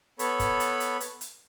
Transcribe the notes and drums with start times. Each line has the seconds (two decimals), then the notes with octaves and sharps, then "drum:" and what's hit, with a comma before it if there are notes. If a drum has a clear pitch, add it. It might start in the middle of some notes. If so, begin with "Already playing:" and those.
0.19 B3 A4 C#5 B5, drum: hi-hat
0.40 drum: kick, hi-hat
0.60 drum: hi-hat
0.80 drum: hi-hat
1.00 drum: hi-hat
1.21 drum: hi-hat